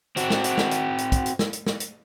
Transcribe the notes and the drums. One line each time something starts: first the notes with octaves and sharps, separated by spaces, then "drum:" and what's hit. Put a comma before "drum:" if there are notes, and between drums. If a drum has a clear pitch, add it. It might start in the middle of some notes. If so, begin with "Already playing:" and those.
C4 F#4, drum: hi-hat
drum: snare
drum: hi-hat
drum: snare
drum: hi-hat
drum: hi-hat
drum: kick, hi-hat
drum: hi-hat
drum: snare
drum: hi-hat
drum: snare
drum: hi-hat